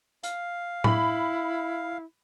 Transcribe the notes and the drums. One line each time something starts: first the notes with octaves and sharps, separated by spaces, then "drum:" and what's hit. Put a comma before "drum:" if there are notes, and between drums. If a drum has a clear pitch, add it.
F5, drum: hi-hat
E4 B5, drum: tom A2